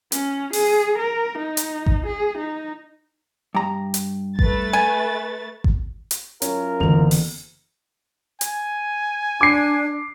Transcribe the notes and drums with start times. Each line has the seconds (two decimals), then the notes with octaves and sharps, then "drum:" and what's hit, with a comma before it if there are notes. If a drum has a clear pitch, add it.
0.12 C#4, drum: hi-hat
0.53 G#4, drum: open hi-hat
0.98 A#4
1.38 D#4
1.57 drum: hi-hat
1.86 drum: kick G#1
2.06 G#4
2.37 D#4
3.55 G2 A#5
3.94 drum: hi-hat
4.39 A3 B4 A6, drum: kick G#1
4.73 G#5
5.64 drum: kick G#1
6.11 drum: hi-hat
6.42 F#2 C#4 F4 A#4, drum: hi-hat
6.80 F#1 D3 E3 B3 F7
7.11 drum: open hi-hat
8.41 G#5, drum: hi-hat
9.41 D4 D6 C7